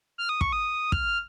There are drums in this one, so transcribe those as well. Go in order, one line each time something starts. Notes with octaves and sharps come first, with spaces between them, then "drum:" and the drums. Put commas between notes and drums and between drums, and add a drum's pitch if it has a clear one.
F6
D#6
C#6, drum: kick
D#6
F6, drum: kick